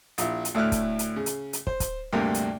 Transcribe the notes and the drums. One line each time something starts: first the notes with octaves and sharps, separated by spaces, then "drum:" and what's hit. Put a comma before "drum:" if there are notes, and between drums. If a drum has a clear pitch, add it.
A#1 E4, drum: hi-hat
drum: hi-hat
D2 A2 E4 F6 F#6
drum: kick, hi-hat
drum: hi-hat
C#3
drum: hi-hat
drum: hi-hat
C5, drum: kick
drum: kick, hi-hat
D2 G2 C3 A#3
drum: hi-hat